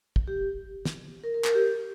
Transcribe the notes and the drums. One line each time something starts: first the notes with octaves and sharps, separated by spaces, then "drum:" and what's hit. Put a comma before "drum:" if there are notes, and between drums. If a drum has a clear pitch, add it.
drum: kick
G4
drum: snare
A#4
A#4
A#4, drum: clap
G4